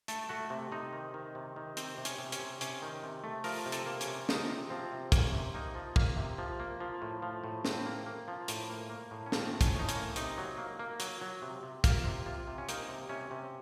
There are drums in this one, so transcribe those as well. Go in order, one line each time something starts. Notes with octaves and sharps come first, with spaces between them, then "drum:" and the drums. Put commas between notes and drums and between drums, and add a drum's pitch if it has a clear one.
A3 A4, drum: hi-hat
A3 F#4
C3
C3 D#4
D#3
D#3
C3
D#3
C3 C4, drum: hi-hat
C3
C#4, drum: hi-hat
C3
C#4, drum: hi-hat
C3
C3 C#4, drum: hi-hat
D#3
C3
A3
F3 A#4, drum: open hi-hat
C3
A4, drum: hi-hat
A#3
C#4, drum: hi-hat
C3
F3 D#4, drum: snare
C3
F3 C4
C3
A#3 C#4, drum: kick, hi-hat
C3
A#3 D#4
F3
A#3, drum: kick
C3
F3
A#3
F3
A2
F3
A2
A2 C4, drum: snare
A#3
A#3
F3
A2, drum: hi-hat
A#3
A#3
A2
C#4
F3 C4, drum: snare
A2
C#4, drum: kick, hi-hat
A2 D#4
C#4, drum: hi-hat
A#3
C3 D#4, drum: hi-hat
F#3
A#3
A#3
F#3, drum: hi-hat
F#3
C3
C3
A#3 F4, drum: kick, hi-hat
C3
C3 F4
C3
C#4
A#3 D#4, drum: hi-hat
C3
C3 C#4
C3